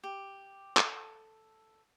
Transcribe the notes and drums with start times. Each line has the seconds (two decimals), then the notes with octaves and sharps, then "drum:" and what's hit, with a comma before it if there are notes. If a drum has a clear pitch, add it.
0.04 G4
0.77 A4, drum: clap